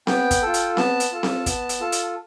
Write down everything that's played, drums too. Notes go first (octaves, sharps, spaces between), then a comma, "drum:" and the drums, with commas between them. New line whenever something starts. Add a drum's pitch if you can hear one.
B3 G5, drum: snare C4
drum: kick, hi-hat
F4 A4
drum: hi-hat
B3 A5, drum: snare C4
drum: hi-hat
F4 A4
drum: snare C4
B3, drum: kick, hi-hat
drum: hi-hat
F4 A4
drum: hi-hat